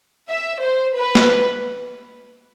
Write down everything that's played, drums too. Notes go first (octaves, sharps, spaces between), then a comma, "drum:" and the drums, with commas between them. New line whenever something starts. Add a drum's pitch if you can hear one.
E5
C5
B4
drum: snare